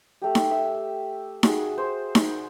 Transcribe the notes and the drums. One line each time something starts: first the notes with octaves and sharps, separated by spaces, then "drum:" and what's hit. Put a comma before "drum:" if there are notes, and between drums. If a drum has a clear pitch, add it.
A3 G4
drum: snare D#4
E5
F#4 G#4, drum: snare D#4
C5
drum: snare D#4